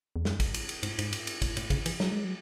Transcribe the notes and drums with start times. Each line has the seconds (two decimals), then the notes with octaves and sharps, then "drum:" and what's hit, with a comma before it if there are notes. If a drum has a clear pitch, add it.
0.16 E2
0.25 F#2, drum: snare
0.40 drum: kick, cymbal
0.54 drum: cymbal
0.69 drum: cymbal
0.83 G#2, drum: cymbal
0.99 G#2, drum: cymbal
1.13 drum: cymbal
1.27 drum: cymbal
1.42 A2, drum: kick, cymbal
1.57 A2, drum: cymbal
1.70 C#3, drum: kick, cymbal
1.86 E3, drum: cymbal
2.00 F#3, drum: snare
2.11 G#3
2.25 F#3